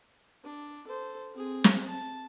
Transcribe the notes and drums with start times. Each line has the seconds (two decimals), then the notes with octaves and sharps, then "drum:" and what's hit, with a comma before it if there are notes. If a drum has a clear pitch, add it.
0.44 D4
0.87 A4 C5
1.34 C4 G#4
1.64 drum: snare
1.88 A5